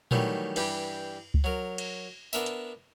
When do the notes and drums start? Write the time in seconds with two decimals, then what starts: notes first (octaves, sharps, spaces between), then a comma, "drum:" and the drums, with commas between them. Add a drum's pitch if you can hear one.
0.11 D#3 E3 F#3 G3 A3, drum: tom A#2
0.56 G2 E3 G3 G4, drum: cymbal
1.34 drum: kick C#2
1.44 F#3 A#4
1.78 drum: cymbal
2.33 B3 D4 A#4 E5, drum: tambourine
2.46 drum: hi-hat